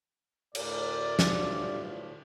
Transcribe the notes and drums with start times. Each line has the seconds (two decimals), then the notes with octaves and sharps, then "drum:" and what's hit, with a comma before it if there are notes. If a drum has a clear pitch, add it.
0.55 D2 A2 A#4 D5, drum: cymbal
1.19 G2 F4, drum: snare